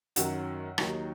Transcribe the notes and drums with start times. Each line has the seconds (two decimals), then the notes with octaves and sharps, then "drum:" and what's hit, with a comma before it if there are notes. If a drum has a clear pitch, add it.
0.16 F#2 D#3 F#3 F#4, drum: hi-hat
0.78 D#2 D#3 F#3 D#4, drum: rim click